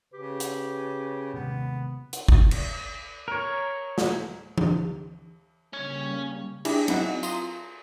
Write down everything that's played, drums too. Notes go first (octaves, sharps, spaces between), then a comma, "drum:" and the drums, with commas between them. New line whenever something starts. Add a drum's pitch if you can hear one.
C#3 G4 B4
drum: hi-hat
C3 D#3 G#3 B3
drum: hi-hat
drum: kick
drum: cymbal
A#4 C#5
drum: snare
drum: tom E3
C#3 G3 A#3 C#4 C#5
D4 E4 G4 G#4, drum: cymbal
F#3 C4 D#4 E4 F#5, drum: cymbal
F4 A#5 C6 D#6, drum: tambourine